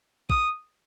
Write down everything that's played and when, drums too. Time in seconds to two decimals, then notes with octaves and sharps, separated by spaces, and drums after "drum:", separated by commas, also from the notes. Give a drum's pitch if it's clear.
0.30 D#6, drum: kick